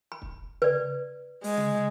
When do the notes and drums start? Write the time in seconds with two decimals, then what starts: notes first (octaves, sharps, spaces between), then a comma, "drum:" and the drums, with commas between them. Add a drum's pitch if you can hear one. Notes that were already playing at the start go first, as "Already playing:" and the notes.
0.12 B5
0.22 drum: kick
0.62 B4 D5, drum: tom C#3
1.44 G#3, drum: open hi-hat
1.57 drum: tom C#3